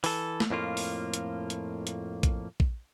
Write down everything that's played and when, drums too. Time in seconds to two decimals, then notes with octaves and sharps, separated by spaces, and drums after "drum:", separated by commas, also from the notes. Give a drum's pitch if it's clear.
0.04 E3 A4, drum: open hi-hat
0.40 drum: snare
0.50 F2 A2 A#3 F4
0.77 drum: open hi-hat
1.14 drum: hi-hat
1.50 drum: hi-hat
1.87 drum: hi-hat
2.23 drum: kick A#1, hi-hat
2.60 drum: kick A#1